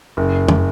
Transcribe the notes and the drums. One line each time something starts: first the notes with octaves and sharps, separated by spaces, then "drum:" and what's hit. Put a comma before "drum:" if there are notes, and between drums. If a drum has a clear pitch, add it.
F#1
drum: tom